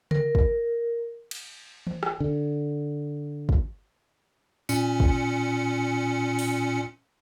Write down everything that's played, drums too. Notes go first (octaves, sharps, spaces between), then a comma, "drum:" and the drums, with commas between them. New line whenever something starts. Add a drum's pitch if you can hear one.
A#4, drum: tom C#3
drum: kick
drum: cymbal
drum: tom E3
drum: rim click
D3
drum: kick
A#2 C#4 C#7, drum: tambourine
drum: kick
drum: open hi-hat